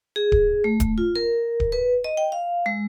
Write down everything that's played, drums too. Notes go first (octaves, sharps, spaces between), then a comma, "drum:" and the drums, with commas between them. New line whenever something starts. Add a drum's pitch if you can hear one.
G#4
drum: kick D1
A3
drum: kick D1, hi-hat
F4
A#4
drum: kick D1
B4
D#5
G5
F5
G#3